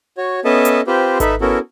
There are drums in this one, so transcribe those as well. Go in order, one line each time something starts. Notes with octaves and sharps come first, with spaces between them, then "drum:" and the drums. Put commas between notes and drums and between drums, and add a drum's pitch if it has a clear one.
F#4 C#5
B3 C#4 A4 D#5 E5 A5
drum: hi-hat
C4 F4 G4 B4 C5
D#4 A4 B4 E5, drum: kick G#1, hi-hat
B3 C#4 E4 F#4 A4 A#4